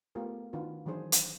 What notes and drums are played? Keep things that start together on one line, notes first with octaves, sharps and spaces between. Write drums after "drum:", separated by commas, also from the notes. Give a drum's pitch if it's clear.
A3 B3 F4 G4 G#4 A#4
D#3 D4 F4 F#4 B4
D#3 E3 F#3 D4 G#4 C5
drum: hi-hat